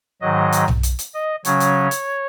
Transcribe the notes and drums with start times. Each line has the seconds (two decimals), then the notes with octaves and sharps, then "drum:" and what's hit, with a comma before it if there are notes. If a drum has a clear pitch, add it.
0.21 G#2 D#3 F#3 D#5
0.52 drum: hi-hat
0.68 drum: tom B1
0.83 drum: hi-hat
0.99 drum: hi-hat
1.14 D#5
1.45 C#3 F#3 C#4 C#5, drum: hi-hat
1.60 drum: hi-hat
1.91 drum: hi-hat